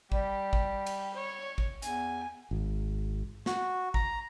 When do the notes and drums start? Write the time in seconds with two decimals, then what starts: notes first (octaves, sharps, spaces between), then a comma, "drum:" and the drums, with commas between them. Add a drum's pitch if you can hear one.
0.12 G3 G4, drum: kick
0.53 drum: kick
0.86 drum: cymbal
1.15 C#5
1.58 drum: kick
1.82 E2 G#5, drum: hi-hat
2.51 G#1
3.46 F#4, drum: snare
3.94 A#5, drum: kick